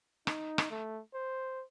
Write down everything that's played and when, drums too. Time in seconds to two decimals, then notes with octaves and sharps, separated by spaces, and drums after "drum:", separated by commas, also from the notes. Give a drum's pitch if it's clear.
0.27 D#4, drum: rim click
0.58 drum: rim click
0.70 A3
1.14 C5